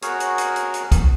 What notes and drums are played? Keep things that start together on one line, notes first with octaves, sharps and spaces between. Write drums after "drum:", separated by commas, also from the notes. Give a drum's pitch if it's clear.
F#4 G#4 A#4 C#5, drum: hi-hat
drum: hi-hat
drum: hi-hat
drum: hi-hat
drum: hi-hat
drum: kick, hi-hat